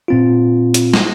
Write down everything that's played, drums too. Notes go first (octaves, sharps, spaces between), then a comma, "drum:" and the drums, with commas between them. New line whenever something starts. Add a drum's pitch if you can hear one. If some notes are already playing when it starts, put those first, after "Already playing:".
A#2 C4 F4
drum: hi-hat
drum: snare